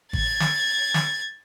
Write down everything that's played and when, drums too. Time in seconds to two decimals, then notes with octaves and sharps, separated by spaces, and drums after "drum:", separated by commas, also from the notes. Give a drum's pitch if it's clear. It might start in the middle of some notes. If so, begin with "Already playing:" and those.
0.13 G#6 A6, drum: kick G#1
0.40 drum: snare
0.94 drum: snare